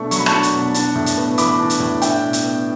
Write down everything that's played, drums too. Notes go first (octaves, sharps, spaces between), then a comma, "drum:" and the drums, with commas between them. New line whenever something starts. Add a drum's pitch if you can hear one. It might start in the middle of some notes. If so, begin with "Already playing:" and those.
Already playing: B2 A3 D4 C#6
F#3 C#6, drum: hi-hat
B5
A5 C#6, drum: rim click
D4
drum: hi-hat
B2
D4, drum: hi-hat
A2
drum: hi-hat
B3
E3 B5 D6, drum: hi-hat
D4
drum: hi-hat
A2
D4 E5 G5, drum: hi-hat
B2
drum: hi-hat
B3